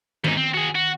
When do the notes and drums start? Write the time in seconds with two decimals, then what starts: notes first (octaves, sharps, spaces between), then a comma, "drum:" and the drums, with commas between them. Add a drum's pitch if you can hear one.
0.24 G#2 D#4, drum: tom D#3
0.37 C4
0.54 F#4 G#4
0.75 F#4